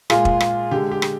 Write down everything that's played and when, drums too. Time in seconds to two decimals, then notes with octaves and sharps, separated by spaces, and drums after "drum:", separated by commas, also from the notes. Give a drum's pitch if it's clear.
0.10 A#2 G#3 F4 G#4, drum: rim click
0.25 drum: kick
0.40 drum: rim click
0.71 D3 G#3 G4
0.91 G4
1.02 drum: rim click